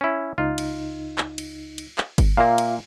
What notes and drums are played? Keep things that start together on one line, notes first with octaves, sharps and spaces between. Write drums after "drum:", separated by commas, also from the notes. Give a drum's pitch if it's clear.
C#4 E4
C#2 D#4 F4
drum: cymbal
drum: clap
drum: cymbal
drum: cymbal
drum: clap
drum: kick G1, cymbal
A#2 A#3 F4 E5 F5
drum: cymbal